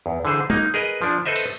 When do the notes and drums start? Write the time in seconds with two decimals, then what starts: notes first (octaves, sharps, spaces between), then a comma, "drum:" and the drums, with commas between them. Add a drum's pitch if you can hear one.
0.06 E2
0.25 D3 E3 G#4 C5
0.50 A#3 D#4, drum: tom
0.74 G#4 A#4 B4 D#5
1.02 F3 D4
1.25 A4 B4 C5 D#5 E5
1.36 drum: cymbal